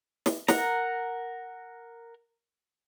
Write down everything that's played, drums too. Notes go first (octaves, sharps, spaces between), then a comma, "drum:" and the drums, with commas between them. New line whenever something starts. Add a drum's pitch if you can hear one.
drum: snare
A#4 F#5 A#5, drum: snare